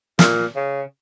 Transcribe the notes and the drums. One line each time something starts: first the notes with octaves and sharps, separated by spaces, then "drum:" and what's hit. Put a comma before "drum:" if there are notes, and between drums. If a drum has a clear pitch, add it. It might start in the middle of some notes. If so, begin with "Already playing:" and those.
A#2, drum: snare
C#3